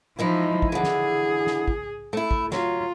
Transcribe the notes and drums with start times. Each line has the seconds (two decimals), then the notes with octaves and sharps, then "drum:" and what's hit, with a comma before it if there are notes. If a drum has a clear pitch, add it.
0.19 E3 F3 G#3 D#4 E4
0.62 drum: kick
0.72 D3 E3 G#4
0.83 drum: snare
1.47 drum: snare
1.68 drum: kick
2.13 A3 E4
2.31 drum: kick
2.52 F#3 F4, drum: snare